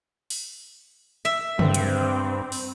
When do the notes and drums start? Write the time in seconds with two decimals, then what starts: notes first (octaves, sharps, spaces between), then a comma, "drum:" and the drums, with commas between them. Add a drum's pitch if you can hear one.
0.30 drum: open hi-hat
1.25 E5
1.59 G2 C4, drum: tom
1.74 drum: hi-hat
2.52 drum: open hi-hat